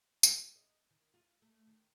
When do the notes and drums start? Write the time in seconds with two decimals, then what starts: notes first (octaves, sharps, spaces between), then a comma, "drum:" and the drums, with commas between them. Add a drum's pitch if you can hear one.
0.23 G4, drum: tambourine
0.56 D#5
0.91 D#3
1.14 F4
1.42 A3
1.67 D#3